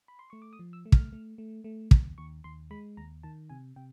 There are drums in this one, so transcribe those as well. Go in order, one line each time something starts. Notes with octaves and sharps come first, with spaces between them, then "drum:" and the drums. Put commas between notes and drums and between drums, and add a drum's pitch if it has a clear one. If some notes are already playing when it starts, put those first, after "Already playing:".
B5
C6
A3 C#6
D6
D#6
F3
E6
A3
F6, drum: kick
A3
A3
A3
D#2, drum: kick
D#2 C#6
D#2 C6
G#3 B5
D#2 A#5
D#3 A5
C3 G#5
C3 G5